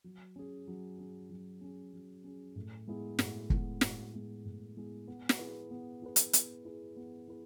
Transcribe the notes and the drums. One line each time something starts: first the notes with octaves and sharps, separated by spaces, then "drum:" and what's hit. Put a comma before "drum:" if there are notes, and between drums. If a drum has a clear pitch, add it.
F#3
C#4 G#4
F#3
C#4 G#4
F#3
C#4 G#4
F#3
C#4 G#4
A2
G#3 B3 E4 G#4
A2, drum: snare
G#3 B3 E4 G#4, drum: kick
A2, drum: snare
G#3 B3 E4 G#4
A2
G#3 B3 E4 G#4
B3
drum: snare
E4 G#4 B4
B3
E4 G#4 B4
drum: hi-hat
B3, drum: hi-hat
E4 G#4 B4
B3
E4 G#4 B4